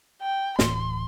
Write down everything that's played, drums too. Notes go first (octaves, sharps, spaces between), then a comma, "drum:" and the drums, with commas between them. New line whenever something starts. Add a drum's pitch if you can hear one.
G5
D1 A2 E3 C6, drum: snare